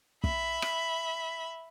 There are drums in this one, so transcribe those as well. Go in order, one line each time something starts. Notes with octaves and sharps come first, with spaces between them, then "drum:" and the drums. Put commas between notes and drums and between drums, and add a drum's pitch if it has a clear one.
E5 B5, drum: kick
drum: rim click